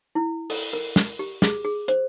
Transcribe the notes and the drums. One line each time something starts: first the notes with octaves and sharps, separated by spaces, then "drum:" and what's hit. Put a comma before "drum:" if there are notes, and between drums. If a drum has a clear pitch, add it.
E4
A4, drum: open hi-hat
A#4
drum: snare
G4
G#4, drum: snare
G#4
C5, drum: hi-hat